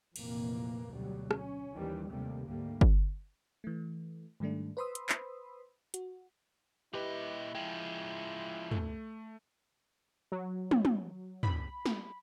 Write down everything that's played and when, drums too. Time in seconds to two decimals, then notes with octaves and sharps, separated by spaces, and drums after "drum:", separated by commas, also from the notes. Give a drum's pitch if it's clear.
0.16 F1 F2 A#2 E3 A#3, drum: cymbal
0.90 D2 B2 F#3 G3
1.31 C#4, drum: rim click
1.74 D#2 D#3 E3 G3
2.10 D#2 C3 G3 A3 A#3
2.46 D2 G#2 D3 G3 A3 A#3
2.81 drum: kick
3.64 E3 A3
4.40 G#2 D#3 G3 A3 D4
4.77 B4 C5 B5 C6 D#6 E6
4.95 drum: hi-hat
5.09 drum: clap
5.94 F#4, drum: hi-hat
6.93 A#2 E4 G4 B4 D#5
7.55 F3 G#3 G5
8.71 A3, drum: tom
10.32 F#3
10.71 drum: tom
10.85 drum: tom
11.43 B5, drum: tom
11.86 drum: snare